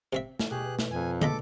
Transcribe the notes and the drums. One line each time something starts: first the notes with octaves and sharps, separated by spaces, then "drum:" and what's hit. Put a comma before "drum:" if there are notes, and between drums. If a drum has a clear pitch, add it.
C3 C4 E5
drum: snare
B2 G4 G#4 F#6
drum: snare
F2 G#5
C#2 D3 A4 D#5 B5 D6, drum: tom